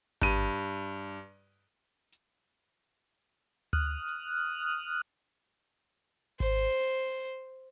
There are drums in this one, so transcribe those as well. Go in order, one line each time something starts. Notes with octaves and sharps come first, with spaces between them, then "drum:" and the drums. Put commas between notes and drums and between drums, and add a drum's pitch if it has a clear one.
G2 D#7, drum: kick G#1
drum: hi-hat
D#6 F6 F#6, drum: tom D2
drum: hi-hat
C5, drum: kick G#1